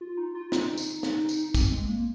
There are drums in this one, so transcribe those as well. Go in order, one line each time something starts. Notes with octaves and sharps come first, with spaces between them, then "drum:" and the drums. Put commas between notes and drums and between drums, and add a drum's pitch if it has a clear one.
F4
D#4
F4
D#4, drum: snare
drum: tambourine
drum: snare
drum: tambourine
C4, drum: kick, tambourine
G#3
A#3